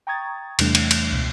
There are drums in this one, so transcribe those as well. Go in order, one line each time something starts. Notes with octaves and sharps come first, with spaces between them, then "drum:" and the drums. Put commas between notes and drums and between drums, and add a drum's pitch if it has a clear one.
G5 A#5 C#6 D#6 G#6 A6
E2 C3 E3 G3 A3 D4, drum: cymbal
drum: cymbal
drum: cymbal
C#2 B2